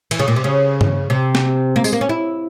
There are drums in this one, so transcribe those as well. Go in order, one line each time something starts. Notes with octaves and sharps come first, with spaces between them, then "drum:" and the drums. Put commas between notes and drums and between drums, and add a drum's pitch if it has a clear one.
E3, drum: cymbal
C#3
A#2
C3
C#3
drum: tom G2
C3
drum: snare
A#3
G#3, drum: tambourine
A#3
C#4
E4